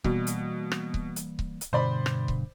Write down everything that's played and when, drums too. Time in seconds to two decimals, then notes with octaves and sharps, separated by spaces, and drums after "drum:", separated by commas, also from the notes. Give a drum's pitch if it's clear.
0.04 B2 E3 G3 A#3, drum: kick C#1
0.27 drum: hi-hat
0.72 drum: rim click
0.94 drum: kick C#1
1.16 drum: hi-hat
1.39 drum: kick C#1
1.61 drum: hi-hat
1.73 G2 B2 D3 C5 D5 B5
2.06 drum: rim click
2.28 drum: kick C#1